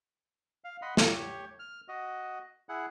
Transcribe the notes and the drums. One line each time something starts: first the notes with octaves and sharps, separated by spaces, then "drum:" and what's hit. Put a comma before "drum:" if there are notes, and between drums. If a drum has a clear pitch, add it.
F5
D#5 F#5 B5 C6
G4 C#5, drum: snare
F6
F#4 D#5
E4 G#4 F#5